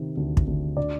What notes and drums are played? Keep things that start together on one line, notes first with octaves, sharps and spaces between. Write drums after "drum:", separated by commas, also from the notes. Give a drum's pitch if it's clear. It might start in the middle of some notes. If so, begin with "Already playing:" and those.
Already playing: C3 D#3
D2
drum: kick
D2
D3 D5